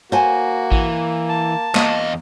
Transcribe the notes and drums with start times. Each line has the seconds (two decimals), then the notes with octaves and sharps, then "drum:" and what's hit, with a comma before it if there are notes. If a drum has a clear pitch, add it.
0.12 A#3 F#4 C5 G#5
0.72 E3, drum: kick A1
1.29 A5
1.75 E2 A#3 D#5, drum: clap